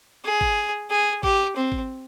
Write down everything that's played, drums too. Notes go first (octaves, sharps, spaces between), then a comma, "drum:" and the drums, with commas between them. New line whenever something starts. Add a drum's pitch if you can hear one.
G#4
drum: kick
G#4
G4, drum: kick
C4
drum: kick